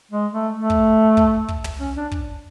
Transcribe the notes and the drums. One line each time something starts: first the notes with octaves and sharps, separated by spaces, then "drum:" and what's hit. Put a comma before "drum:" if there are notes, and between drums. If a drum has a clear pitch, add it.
G#3
A3
A3
drum: kick
drum: kick
drum: kick
drum: tom
C#4
D4
drum: kick